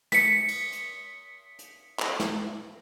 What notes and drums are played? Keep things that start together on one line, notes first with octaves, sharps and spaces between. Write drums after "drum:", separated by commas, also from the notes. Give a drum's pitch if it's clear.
B6 C#7, drum: snare
drum: cymbal
drum: hi-hat
drum: hi-hat
drum: clap
drum: snare